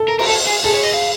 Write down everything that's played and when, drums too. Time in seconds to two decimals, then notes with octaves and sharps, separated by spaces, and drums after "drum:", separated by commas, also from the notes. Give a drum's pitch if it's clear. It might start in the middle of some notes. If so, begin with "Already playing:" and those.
Already playing: A4
0.08 A#4
0.19 A#4, drum: cymbal
0.27 A4
0.47 G#4
0.64 G#4 A4
0.74 C#5
0.84 D#5
0.93 F5